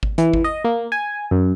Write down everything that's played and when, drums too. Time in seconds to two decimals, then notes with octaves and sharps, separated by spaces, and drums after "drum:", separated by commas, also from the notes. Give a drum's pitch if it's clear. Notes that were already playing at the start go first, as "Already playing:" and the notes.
0.03 drum: kick G#1
0.18 E3, drum: hi-hat
0.33 drum: kick G#1
0.44 D#5
0.64 A#3
0.92 G#5
1.31 F#2